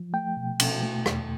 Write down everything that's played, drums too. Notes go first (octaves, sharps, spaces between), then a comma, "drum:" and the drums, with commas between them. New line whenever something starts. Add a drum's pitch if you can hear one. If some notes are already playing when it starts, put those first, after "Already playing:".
Already playing: F3
A3 G5
B2
B2, drum: cymbal
A3
E2, drum: rim click